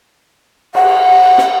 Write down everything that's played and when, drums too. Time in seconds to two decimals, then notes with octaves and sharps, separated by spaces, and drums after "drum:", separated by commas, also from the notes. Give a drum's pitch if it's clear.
0.75 F#5, drum: cymbal
1.38 drum: snare